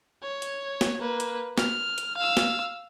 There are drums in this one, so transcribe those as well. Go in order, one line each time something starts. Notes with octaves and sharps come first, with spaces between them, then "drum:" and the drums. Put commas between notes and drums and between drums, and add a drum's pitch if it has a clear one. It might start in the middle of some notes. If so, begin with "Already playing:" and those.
C#5
drum: hi-hat
drum: snare
A#3 B4
drum: hi-hat
F6, drum: snare
drum: hi-hat
F5 E6
drum: snare